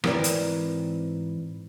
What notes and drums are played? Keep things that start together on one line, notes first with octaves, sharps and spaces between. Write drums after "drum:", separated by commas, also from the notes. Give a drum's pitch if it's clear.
G#2 E3 C4 A#4 B4 D5, drum: rim click
drum: hi-hat